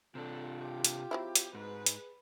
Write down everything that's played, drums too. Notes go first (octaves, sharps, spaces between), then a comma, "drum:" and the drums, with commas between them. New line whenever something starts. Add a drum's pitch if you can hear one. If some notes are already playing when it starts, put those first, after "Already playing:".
C3 D4 F4 A4
G4
drum: hi-hat
F#3 C4 E4
drum: hi-hat
G#2 G#4 B4
drum: hi-hat